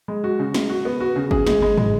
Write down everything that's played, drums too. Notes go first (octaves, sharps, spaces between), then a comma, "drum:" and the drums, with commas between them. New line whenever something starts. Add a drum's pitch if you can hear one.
G#3
F#4
C#3
G#3, drum: snare
F#4
B3
F#4
C#3
G#4, drum: kick G1
G#3, drum: snare
G#3
G#3, drum: tom